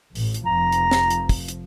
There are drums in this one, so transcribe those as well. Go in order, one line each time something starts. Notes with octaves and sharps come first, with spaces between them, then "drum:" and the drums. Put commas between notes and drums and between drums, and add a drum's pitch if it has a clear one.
A1 A2, drum: open hi-hat
drum: hi-hat
F1 F3 A#5
drum: hi-hat
drum: snare
drum: hi-hat
drum: kick, open hi-hat
drum: hi-hat